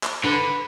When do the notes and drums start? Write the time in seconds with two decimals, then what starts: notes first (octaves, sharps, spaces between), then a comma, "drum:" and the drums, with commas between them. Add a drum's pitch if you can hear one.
0.03 drum: clap
0.24 D3 B4